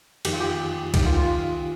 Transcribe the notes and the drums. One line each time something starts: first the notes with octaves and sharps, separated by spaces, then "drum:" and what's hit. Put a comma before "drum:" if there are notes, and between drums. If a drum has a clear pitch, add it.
F2 D#3 G4, drum: cymbal
F4
G4
D#2 D#3 G4, drum: kick C2, cymbal
F4
F4